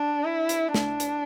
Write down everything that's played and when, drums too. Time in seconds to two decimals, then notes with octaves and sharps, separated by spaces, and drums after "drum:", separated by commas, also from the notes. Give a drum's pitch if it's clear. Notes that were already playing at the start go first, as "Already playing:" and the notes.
Already playing: D4
0.24 E4
0.49 drum: hi-hat
0.74 D4, drum: snare
1.00 drum: hi-hat